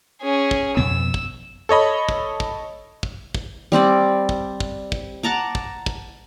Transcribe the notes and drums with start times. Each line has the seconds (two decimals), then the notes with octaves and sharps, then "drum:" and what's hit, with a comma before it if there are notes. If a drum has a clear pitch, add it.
0.22 C#4 G#4
0.51 drum: kick
0.77 F2 B2 B3 E6
1.14 drum: kick
1.69 A4 C#5 D#5 B5
2.09 drum: kick
2.40 drum: kick
3.03 drum: kick
3.35 drum: kick
3.72 G3 C4 C5 D5
4.29 drum: kick
4.60 drum: kick
4.92 drum: kick
5.23 F#5 A5 A#5 D6
5.55 drum: kick
5.86 drum: kick